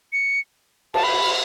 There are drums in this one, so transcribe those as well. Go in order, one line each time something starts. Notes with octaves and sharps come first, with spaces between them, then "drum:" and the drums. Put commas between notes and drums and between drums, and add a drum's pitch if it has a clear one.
C#7
A5, drum: cymbal
B5